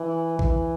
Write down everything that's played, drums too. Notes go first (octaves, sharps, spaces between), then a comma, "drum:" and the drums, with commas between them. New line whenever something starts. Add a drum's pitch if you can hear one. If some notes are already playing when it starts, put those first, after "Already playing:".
Already playing: E3
E3, drum: kick A#1